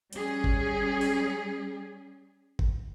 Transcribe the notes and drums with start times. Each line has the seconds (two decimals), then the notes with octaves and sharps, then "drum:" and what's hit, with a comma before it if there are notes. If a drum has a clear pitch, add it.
0.13 G3 C#4 G#4, drum: hi-hat
0.44 drum: kick
1.01 drum: open hi-hat
2.59 drum: kick